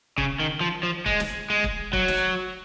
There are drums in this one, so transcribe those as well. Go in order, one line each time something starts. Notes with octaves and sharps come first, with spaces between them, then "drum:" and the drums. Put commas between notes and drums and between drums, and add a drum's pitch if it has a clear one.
C#3, drum: kick
D#3
F3
F3
G#3, drum: kick
drum: snare
G#3
drum: kick
F#3, drum: kick
drum: snare